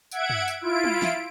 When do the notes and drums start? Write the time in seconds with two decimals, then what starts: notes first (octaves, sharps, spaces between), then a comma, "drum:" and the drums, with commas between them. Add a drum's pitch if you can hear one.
0.11 E5 F#5 G#6 D7, drum: tambourine
0.30 drum: tom
0.48 drum: tambourine
0.61 E4 F4 D7
0.84 drum: tom
1.02 drum: snare